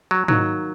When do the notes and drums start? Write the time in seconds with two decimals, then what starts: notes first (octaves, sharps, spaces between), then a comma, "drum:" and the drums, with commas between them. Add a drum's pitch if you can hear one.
0.11 F#3
0.28 D#3 F#3 A#3 D#4, drum: tom G#2